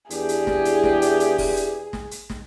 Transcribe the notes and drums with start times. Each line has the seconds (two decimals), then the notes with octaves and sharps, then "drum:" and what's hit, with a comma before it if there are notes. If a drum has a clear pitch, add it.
0.10 E2 D4 G4 G#4, drum: hi-hat
0.29 drum: hi-hat
0.47 drum: snare
0.65 drum: hi-hat
0.83 drum: snare
1.02 drum: hi-hat
1.20 drum: hi-hat
1.38 drum: kick F1, open hi-hat
1.56 drum: hi-hat
1.93 drum: snare
2.11 drum: hi-hat
2.30 drum: snare